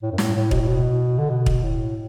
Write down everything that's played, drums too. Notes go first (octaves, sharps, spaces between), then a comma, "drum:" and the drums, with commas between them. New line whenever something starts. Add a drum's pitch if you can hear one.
A2
F#2
A2, drum: snare
A2
B2, drum: kick
A2
B2
D3
B2
drum: kick
A2